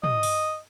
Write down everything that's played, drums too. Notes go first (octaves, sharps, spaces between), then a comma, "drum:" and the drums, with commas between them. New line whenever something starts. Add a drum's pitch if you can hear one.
D#5, drum: tom
drum: open hi-hat